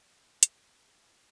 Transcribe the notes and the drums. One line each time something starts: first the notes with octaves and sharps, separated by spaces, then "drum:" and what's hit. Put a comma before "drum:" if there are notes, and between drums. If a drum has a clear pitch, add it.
B4
A#3, drum: hi-hat
G#2
C#6